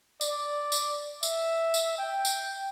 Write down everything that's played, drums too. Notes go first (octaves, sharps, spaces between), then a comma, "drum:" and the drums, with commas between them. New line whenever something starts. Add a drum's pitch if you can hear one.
D5, drum: tambourine
drum: tambourine
E5, drum: tambourine
drum: tambourine
G5
drum: tambourine